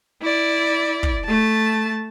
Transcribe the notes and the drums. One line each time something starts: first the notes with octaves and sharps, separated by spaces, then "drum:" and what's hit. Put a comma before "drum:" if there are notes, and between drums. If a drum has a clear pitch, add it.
E4 D5
drum: kick
A3 A5